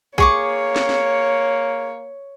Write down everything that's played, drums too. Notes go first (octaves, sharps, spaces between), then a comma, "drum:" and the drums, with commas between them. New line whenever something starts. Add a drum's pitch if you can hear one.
A#3 G#4 C#5 C#6 D6, drum: kick
drum: snare
drum: snare